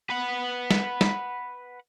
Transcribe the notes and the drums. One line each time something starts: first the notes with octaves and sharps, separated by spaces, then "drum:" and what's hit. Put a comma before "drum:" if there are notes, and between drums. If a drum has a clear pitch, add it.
B4 F#5
drum: snare
drum: snare